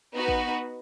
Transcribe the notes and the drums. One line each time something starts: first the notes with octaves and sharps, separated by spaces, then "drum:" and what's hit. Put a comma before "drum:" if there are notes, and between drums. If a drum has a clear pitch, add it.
B3 D#4 F#4 B4
drum: kick